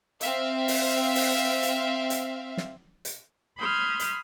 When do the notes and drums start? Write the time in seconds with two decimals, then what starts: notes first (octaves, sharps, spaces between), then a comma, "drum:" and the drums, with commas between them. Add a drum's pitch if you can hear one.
0.21 C4 E5 F5, drum: hi-hat
0.68 drum: open hi-hat
1.15 drum: open hi-hat
1.63 drum: hi-hat
2.10 drum: hi-hat
2.57 drum: snare
3.05 drum: hi-hat
3.58 B5 C6 D#6 F6 G6 G#6
4.00 drum: hi-hat